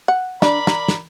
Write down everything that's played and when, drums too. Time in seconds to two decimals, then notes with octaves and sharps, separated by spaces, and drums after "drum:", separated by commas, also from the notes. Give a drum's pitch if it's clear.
0.08 F#5
0.42 D4 A#4 D5 B5, drum: snare
0.67 A#5, drum: snare
0.88 drum: snare